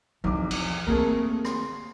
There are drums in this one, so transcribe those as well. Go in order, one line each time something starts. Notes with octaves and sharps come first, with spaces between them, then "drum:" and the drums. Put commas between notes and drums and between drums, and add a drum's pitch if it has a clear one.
B1 E2 F3 C4 D6
drum: cymbal
A3 A#3 C4 G#4 A#4
C6, drum: rim click